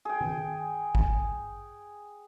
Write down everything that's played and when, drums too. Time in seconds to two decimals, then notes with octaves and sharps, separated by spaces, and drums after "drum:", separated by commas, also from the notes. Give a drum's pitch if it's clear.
0.05 G#4 G5
0.21 drum: tom D#3
0.95 drum: kick G#1